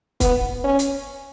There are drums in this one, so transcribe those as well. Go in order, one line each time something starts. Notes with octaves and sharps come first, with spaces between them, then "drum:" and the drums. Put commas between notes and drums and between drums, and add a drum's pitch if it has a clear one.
B3, drum: kick, hi-hat
C#4
drum: hi-hat